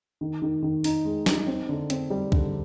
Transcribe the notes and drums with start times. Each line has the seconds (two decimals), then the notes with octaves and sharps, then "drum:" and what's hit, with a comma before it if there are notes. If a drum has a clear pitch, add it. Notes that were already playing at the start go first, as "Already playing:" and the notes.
0.21 D#3
0.42 D#3
0.63 D#3
0.84 D#4, drum: open hi-hat
1.05 G#3
1.26 D#4, drum: snare
1.47 C4
1.69 D3
1.90 C4, drum: hi-hat
2.10 G3
2.32 D3, drum: kick C2